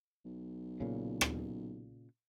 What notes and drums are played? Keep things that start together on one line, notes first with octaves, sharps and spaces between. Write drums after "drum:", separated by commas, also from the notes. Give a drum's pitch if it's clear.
B1
A#2 C#3
drum: rim click